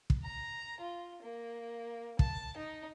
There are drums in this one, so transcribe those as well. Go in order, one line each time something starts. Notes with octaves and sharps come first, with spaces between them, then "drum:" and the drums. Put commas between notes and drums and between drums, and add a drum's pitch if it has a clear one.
drum: kick
A#5
F4
A#3
A5, drum: kick
D#4